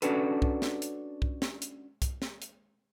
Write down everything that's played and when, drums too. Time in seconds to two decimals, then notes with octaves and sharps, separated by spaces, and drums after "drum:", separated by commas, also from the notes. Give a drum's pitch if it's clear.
0.02 C#4 D4 F#4 A4 B4, drum: hi-hat
0.42 drum: kick C2
0.62 drum: snare
0.82 drum: hi-hat
1.22 drum: kick C2
1.42 drum: snare
1.62 drum: hi-hat
2.02 drum: kick C2, hi-hat
2.22 drum: snare
2.42 drum: hi-hat